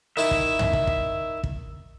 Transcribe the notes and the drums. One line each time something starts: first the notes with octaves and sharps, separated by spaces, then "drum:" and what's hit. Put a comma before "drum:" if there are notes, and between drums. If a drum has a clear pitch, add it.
D#3 E4 E5 A5
drum: kick
drum: tom
drum: kick
drum: kick
drum: kick